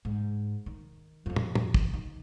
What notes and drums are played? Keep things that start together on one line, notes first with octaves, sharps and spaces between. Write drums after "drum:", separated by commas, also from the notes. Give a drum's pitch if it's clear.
G#2
D#3
F2 F3
drum: tom
drum: tom
drum: kick
D#3